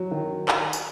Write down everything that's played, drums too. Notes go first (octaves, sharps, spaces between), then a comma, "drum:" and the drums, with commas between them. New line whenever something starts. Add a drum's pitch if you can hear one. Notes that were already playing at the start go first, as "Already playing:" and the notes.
Already playing: F#3
D#3
drum: clap
drum: tambourine